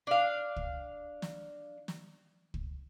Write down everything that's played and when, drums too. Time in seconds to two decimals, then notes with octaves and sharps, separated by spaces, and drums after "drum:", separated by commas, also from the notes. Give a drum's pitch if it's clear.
0.07 D4 F5
0.56 drum: kick
1.22 drum: snare
1.88 drum: snare
2.54 drum: kick